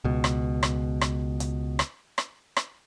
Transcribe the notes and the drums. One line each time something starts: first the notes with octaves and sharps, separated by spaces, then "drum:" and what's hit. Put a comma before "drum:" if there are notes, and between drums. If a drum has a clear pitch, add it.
C#2 B2
drum: rim click
drum: rim click
drum: rim click
drum: hi-hat
drum: rim click
drum: rim click
drum: rim click